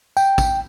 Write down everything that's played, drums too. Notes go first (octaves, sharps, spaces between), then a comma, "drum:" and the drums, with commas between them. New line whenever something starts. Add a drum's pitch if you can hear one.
G5, drum: tambourine
drum: kick, tambourine